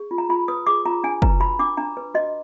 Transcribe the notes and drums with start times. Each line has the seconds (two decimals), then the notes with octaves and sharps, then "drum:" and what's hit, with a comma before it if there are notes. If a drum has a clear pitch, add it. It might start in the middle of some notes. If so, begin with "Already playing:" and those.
Already playing: G#4
0.11 F4
0.18 A#5
0.29 F4 B5
0.48 B4 D#6
0.67 G#4 D6
0.86 F4 A#5
1.04 D4 G#5
1.22 B4 A#5, drum: kick
1.40 F#4 B5
1.59 D4 D6
1.77 D4 A#5
1.97 B4
2.14 F#4 D#5